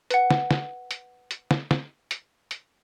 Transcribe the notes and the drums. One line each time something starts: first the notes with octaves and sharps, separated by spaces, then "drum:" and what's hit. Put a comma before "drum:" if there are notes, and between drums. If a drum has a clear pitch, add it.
B4 F#5, drum: hi-hat
drum: snare
drum: snare
drum: hi-hat
drum: hi-hat
drum: snare
drum: snare
drum: hi-hat
drum: hi-hat